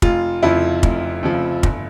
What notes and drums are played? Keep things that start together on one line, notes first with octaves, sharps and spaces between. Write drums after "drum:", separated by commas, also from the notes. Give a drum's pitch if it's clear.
F1 F4, drum: kick
F2 C#3 F3 E4
F1, drum: kick
F2 C#3 F3
G1, drum: kick